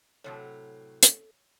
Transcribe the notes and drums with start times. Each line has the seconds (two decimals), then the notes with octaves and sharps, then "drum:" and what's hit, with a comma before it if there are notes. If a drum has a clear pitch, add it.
0.24 A2 C3 F#3 A4 C#5
1.03 drum: hi-hat